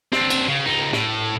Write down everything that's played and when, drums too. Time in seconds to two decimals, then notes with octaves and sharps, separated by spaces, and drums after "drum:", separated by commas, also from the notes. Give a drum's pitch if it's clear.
0.12 C4 D4, drum: snare
0.30 drum: cymbal
0.48 C#3
0.66 C#2 D#4
0.93 A2, drum: snare